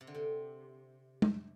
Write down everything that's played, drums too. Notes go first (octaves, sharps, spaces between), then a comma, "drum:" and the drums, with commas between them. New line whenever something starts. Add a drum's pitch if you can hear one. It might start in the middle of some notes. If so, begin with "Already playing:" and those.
C3
D3
C3
drum: tom